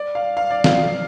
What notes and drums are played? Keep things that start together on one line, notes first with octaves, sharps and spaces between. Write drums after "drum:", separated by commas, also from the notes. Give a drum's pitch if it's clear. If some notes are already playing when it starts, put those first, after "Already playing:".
Already playing: D5
F5
F5
D5
F5, drum: snare